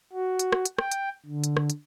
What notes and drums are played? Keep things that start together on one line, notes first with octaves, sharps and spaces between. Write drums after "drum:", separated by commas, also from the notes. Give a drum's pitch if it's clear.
F#4
drum: hi-hat
drum: rim click
drum: hi-hat
G5, drum: rim click
drum: hi-hat
D3
drum: hi-hat
drum: rim click
drum: hi-hat